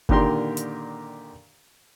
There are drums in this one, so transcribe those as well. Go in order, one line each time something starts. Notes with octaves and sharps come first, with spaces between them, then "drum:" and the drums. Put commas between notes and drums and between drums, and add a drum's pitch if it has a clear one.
A#2 D3 D#3 G4 A#4 C6, drum: kick F#1
drum: hi-hat